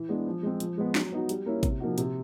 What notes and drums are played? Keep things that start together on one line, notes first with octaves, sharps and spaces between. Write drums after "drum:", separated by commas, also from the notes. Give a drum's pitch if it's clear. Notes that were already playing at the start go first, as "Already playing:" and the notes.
Already playing: E3
G#3 B3 D4
F3
G#3 C4
F3, drum: hi-hat
G#3 B3
F#3, drum: snare
B3 D#4 F#4
G3, drum: hi-hat
A#3 C#4 E4
C3, drum: kick G#1, hi-hat
F3 A#3 D#4 F#4
C3, drum: hi-hat